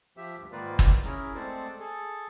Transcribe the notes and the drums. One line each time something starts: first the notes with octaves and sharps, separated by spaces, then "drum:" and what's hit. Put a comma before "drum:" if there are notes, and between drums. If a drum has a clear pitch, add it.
F3 G4 E5
D2 G2
G#2 D#3 A#3 F4 B4 D5
drum: kick
C#4 E4 G#4 A#4
G#3 A3 C4 A4 C5 D5
G#4 A4